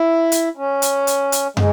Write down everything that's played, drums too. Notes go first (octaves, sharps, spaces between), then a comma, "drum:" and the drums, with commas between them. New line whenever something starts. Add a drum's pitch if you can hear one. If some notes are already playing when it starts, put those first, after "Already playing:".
Already playing: E4
drum: hi-hat
C#4
drum: hi-hat
drum: hi-hat
drum: hi-hat
G#3, drum: tom